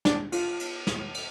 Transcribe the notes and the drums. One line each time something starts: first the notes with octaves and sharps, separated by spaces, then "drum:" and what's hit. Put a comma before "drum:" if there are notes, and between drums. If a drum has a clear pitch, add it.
D4, drum: snare
F4, drum: cymbal
drum: cymbal
drum: snare
drum: cymbal